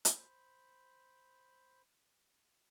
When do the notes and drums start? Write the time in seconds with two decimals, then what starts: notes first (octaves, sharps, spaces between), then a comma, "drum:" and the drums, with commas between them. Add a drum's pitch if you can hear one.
0.05 C5 B5, drum: hi-hat